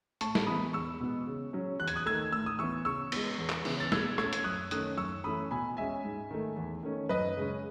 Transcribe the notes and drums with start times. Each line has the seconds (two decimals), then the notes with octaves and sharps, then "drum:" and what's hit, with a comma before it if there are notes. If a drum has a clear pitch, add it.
0.21 A2 A5 C#6, drum: hi-hat
0.35 drum: snare
0.47 E3 G#3 B3 B5 D#6
0.73 E2 C#6 E6
1.00 B2 G#3 B3
1.27 C#3
1.53 F#3 C#4
1.80 E2 F#6
1.88 G#6, drum: hi-hat
1.96 D#6 F#6
2.06 D#3 A3 E6 G#6
2.32 A2 E6
2.46 D#6
2.59 E3 B3 C#6 E6
2.85 C#3 C#6 E6
3.12 G#3 B3, drum: cymbal
3.38 E2
3.50 drum: clap
3.65 C#3 E3 B3, drum: cymbal
3.80 A6
3.92 B2 E6 G#6, drum: snare
4.18 A3 C#4 E6 G#6, drum: rim click
4.33 G#6, drum: hi-hat
4.44 F#2 D#6 F#6
4.71 D#3 A3 C#4 D#6 F#6, drum: hi-hat
4.97 F#2 C#6 E6
5.24 E3 A3 C#4 B5 D#6
5.51 B2 G#5 B5
5.77 G#3 C#4 E5 G#5
6.04 G#2
6.31 D#3 A3
6.56 E2
6.83 D#3 A3 C#4
7.09 F#2 B4 D#5
7.37 C#3 G#3 C#4